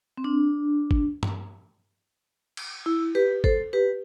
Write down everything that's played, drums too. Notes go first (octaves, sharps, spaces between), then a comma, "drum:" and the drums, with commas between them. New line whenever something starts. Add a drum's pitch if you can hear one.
C4
D4
drum: kick
drum: tom G2
drum: cymbal
E4
G4 B4
A4 C5, drum: kick
G4 B4